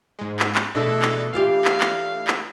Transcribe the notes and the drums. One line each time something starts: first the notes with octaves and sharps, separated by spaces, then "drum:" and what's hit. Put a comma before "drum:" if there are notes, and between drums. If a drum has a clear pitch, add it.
G#2 G#3
drum: clap
drum: clap
B2 E3 G#3 A3 D4 E4 A4
drum: clap
E3 F4 G4 F5
drum: clap
drum: clap
drum: clap